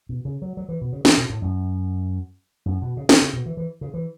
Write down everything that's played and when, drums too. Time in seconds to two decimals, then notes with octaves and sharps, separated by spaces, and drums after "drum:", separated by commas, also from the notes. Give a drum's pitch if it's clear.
0.09 B2
0.25 C#3
0.42 F#3
0.57 F#3
0.69 E3
0.81 B2
0.93 C#3
1.05 E3, drum: snare
1.17 B2
1.30 A2
1.42 F#2
2.66 F#2
2.82 B2
2.97 C#3
3.09 E3, drum: snare
3.22 C#3
3.33 B2
3.46 E3
3.57 E3
3.81 C#3
3.94 E3